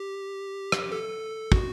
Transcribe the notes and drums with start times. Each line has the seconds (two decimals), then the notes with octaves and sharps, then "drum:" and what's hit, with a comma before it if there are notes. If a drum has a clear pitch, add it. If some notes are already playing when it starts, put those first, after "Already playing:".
Already playing: G4
0.72 drum: rim click
0.92 A4
1.52 F#4, drum: kick